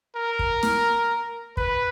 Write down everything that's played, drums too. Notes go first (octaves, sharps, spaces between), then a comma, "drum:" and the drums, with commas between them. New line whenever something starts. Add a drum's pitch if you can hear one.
A#4
drum: kick
drum: snare
B4, drum: kick